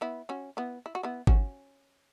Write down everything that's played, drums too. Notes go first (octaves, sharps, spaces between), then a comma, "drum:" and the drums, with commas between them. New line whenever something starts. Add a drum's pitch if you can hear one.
B3 E4
C#4 F#4
B3 E4
E4
F#4
B3 E4
C#4 F#4, drum: kick G#1